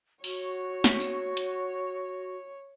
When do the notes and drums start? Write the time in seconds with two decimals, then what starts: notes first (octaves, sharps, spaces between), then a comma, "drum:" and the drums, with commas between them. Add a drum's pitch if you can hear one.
0.24 F#4 C#5, drum: open hi-hat
0.84 drum: snare
1.00 drum: tambourine
1.37 drum: hi-hat